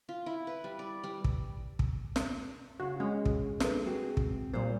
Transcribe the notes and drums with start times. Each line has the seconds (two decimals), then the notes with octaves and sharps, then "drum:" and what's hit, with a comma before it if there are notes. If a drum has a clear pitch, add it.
0.09 F4
0.26 E4
0.47 B4
0.64 G3
0.79 D5
1.04 G3
1.24 drum: kick
1.79 drum: kick
2.16 drum: snare
2.80 C#3 F#4
3.00 G#3 C#4
3.25 drum: kick
3.60 D4 A4 B4, drum: snare
3.86 C4 F#4 G#4
4.17 drum: kick
4.53 A#2 G3 C5